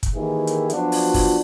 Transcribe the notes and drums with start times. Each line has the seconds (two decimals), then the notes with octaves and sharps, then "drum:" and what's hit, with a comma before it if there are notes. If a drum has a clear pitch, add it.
0.03 drum: kick, hi-hat
0.15 D#3 E3 A#3 E4 G4 G#4
0.47 drum: hi-hat
0.70 F3 F#3 B3 D4 F4 F#4, drum: hi-hat
0.92 drum: open hi-hat
1.14 drum: kick, open hi-hat